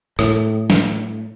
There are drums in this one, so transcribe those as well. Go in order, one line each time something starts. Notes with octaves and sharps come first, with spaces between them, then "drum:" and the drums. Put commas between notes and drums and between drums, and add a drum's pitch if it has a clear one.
A2, drum: rim click
drum: snare